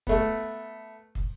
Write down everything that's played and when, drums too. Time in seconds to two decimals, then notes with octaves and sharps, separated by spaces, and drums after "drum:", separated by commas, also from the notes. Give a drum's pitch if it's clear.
0.07 A3 B3, drum: kick
1.15 drum: kick